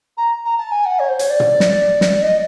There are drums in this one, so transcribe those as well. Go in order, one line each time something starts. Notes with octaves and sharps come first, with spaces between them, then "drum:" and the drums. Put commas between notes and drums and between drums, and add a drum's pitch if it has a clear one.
A#5
A#5
A5
G#5
F#5
C#5
C5
C#5, drum: hi-hat
D5
drum: tom
drum: snare
drum: snare
D#5